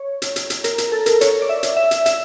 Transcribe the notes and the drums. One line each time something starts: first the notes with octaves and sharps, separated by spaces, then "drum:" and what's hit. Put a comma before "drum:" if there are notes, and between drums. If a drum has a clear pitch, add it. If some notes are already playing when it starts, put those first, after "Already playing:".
Already playing: C#5
drum: hi-hat
drum: hi-hat
drum: hi-hat
A#4, drum: hi-hat
drum: hi-hat
A4
A#4, drum: hi-hat
C#5, drum: hi-hat
D5
E5
drum: hi-hat
E5
drum: hi-hat
E5, drum: hi-hat